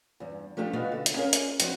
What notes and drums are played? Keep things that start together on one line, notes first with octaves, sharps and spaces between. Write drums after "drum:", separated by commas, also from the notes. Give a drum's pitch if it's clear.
E2 G2
F3 A3 D4 G4 A4
B2 B3 F4 F#4 B4 F5
D3
drum: hi-hat
C#4 F4 G#4 A#4
drum: hi-hat
F3 B3 C4 D4 F#4, drum: hi-hat